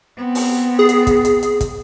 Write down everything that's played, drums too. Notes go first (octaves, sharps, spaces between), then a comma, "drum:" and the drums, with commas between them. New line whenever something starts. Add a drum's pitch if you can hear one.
B3 C4
drum: open hi-hat
G#4
drum: hi-hat
drum: kick, hi-hat
drum: hi-hat
drum: hi-hat
drum: kick, hi-hat